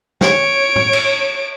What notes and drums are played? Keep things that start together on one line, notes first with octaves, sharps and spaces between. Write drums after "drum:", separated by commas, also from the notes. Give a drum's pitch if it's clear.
C#5 D7, drum: snare
drum: tom A2
drum: cymbal